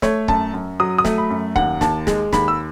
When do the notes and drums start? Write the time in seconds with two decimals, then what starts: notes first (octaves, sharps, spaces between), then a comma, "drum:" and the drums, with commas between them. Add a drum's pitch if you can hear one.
0.02 A3 C#5, drum: snare
0.28 F#2 A5, drum: kick C#1
0.54 F#2
0.80 F#3 D#6
0.98 D#6
1.05 A3, drum: snare
1.18 B5
1.30 F#2
1.56 D#2 F#5, drum: kick C#1
1.81 D#2 A5, drum: snare
2.07 G#3, drum: snare
2.33 D#2 B5, drum: snare
2.48 E6